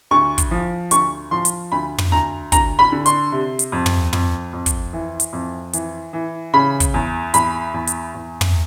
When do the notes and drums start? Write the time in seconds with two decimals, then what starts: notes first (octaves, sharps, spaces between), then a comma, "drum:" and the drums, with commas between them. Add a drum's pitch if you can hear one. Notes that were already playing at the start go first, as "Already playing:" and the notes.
0.11 D2 C#6
0.38 drum: kick, hi-hat
0.51 F3
0.91 D2 C#6, drum: hi-hat
1.31 F3 C6
1.45 drum: hi-hat
1.72 D2 B5
1.98 drum: tom
2.12 D2 A#5
2.52 D2 A#5, drum: kick, hi-hat
2.79 B5
2.92 D3
3.06 C6, drum: hi-hat
3.32 C3
3.59 drum: hi-hat
3.72 F2
3.86 drum: tom
4.13 F2, drum: tom
4.53 F2
4.66 drum: kick, hi-hat
4.93 E3
5.20 drum: hi-hat
5.33 F2
5.73 E3, drum: hi-hat
6.13 E3
6.53 C#3 B5
6.80 drum: kick, hi-hat
6.94 E2
7.34 E2 B5, drum: hi-hat
7.74 E2
7.87 drum: hi-hat
8.14 E2
8.41 drum: tom